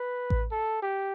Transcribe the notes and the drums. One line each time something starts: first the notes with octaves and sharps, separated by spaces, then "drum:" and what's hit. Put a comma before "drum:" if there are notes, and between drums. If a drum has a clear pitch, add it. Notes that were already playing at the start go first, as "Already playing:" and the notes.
Already playing: B4
drum: kick A1
A4
G4